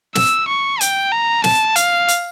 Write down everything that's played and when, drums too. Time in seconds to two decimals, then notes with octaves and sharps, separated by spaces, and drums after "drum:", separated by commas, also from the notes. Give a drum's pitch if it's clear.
0.15 E6, drum: snare
0.48 C#6
0.81 G5, drum: hi-hat
1.12 A#5
1.44 A5, drum: snare
1.76 F5, drum: hi-hat
2.08 drum: hi-hat